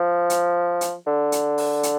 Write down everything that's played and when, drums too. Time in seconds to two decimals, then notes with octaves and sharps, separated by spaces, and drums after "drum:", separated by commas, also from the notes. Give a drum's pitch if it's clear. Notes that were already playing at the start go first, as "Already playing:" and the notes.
Already playing: F3
0.30 drum: hi-hat
0.81 drum: hi-hat
1.07 D3
1.32 drum: hi-hat
1.58 drum: open hi-hat
1.83 drum: hi-hat